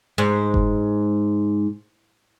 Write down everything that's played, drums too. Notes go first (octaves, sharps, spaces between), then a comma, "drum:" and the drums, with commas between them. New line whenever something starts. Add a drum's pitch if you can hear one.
G#2
drum: kick F#1